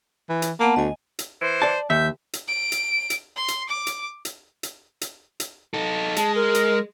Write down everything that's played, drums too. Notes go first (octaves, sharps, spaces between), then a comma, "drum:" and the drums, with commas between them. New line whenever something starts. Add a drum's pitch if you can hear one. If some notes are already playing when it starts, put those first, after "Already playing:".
E3
drum: hi-hat
A#3 B3 F#5 A5
D2 D#5 G#5
drum: hi-hat
E3 C5
D5 A5
D#2 E5 G6
drum: hi-hat
D7
drum: hi-hat
drum: hi-hat
C6
drum: hi-hat
D6
drum: hi-hat
drum: hi-hat
drum: hi-hat
drum: hi-hat
drum: hi-hat
D#4 A4
G#3 A5, drum: hi-hat
A#4
drum: hi-hat